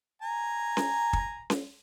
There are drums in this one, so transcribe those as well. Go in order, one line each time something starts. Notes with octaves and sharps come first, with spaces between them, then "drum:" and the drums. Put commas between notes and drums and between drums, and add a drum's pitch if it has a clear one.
G#5 A#5
drum: snare C#4
drum: kick
drum: snare C#4